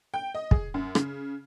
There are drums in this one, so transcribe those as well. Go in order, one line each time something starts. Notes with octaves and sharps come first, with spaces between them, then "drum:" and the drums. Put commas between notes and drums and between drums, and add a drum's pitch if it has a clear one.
G5
D#5
G#4, drum: kick
F#2
C#3, drum: rim click